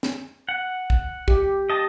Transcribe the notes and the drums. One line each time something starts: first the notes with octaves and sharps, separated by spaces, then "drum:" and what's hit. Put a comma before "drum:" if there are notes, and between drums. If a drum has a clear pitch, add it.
drum: snare
F#5
drum: kick
G4, drum: kick
D#5 A5